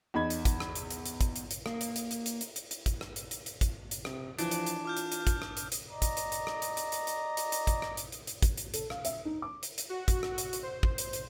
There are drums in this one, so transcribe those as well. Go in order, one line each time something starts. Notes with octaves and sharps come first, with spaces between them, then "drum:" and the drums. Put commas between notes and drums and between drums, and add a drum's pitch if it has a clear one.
E2 D#4 B5 G#6
drum: hi-hat
drum: kick, hi-hat
drum: rim click
drum: hi-hat
drum: hi-hat
drum: hi-hat
drum: kick, hi-hat
drum: hi-hat
drum: hi-hat
A#3, drum: rim click
drum: hi-hat
drum: hi-hat
drum: hi-hat
drum: hi-hat
drum: hi-hat
drum: hi-hat
drum: hi-hat
drum: kick, hi-hat
drum: rim click
drum: hi-hat
drum: hi-hat
drum: hi-hat
drum: kick, hi-hat
drum: hi-hat
C3, drum: rim click
E3 F3 D4, drum: hi-hat
drum: hi-hat
drum: hi-hat
F4 D6 F6 G6
drum: hi-hat
drum: hi-hat
drum: kick, hi-hat
drum: rim click
drum: hi-hat
drum: hi-hat
D5 D#5 A#5
drum: kick, hi-hat
drum: hi-hat
drum: hi-hat
drum: rim click
drum: hi-hat
drum: hi-hat
drum: hi-hat
drum: hi-hat
drum: hi-hat
drum: hi-hat
drum: kick, hi-hat
drum: rim click
drum: hi-hat
drum: hi-hat
drum: hi-hat
drum: kick, hi-hat
drum: hi-hat
A4, drum: hi-hat
F5, drum: rim click
E5, drum: hi-hat
D#4
D6
drum: hi-hat
drum: hi-hat
F#4
drum: kick, hi-hat
drum: rim click
drum: hi-hat
drum: hi-hat
C5
drum: kick
drum: hi-hat
drum: hi-hat